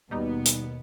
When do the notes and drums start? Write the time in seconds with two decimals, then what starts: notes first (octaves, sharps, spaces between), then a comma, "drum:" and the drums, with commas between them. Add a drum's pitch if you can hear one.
0.11 D#2 B2 G3 B3 D#4 G4
0.46 drum: hi-hat